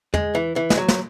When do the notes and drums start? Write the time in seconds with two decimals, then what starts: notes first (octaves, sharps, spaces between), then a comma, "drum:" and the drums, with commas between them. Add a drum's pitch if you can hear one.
0.14 G#3, drum: tom
0.35 E3
0.56 E3
0.70 G#3, drum: snare
0.78 F#3
0.88 drum: snare